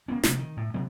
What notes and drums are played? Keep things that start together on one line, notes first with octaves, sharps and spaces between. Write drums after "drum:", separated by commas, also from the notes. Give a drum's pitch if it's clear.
A#3 B3 C#4
F1 C3 A3, drum: snare
D#3
A2
C3 F#3 C4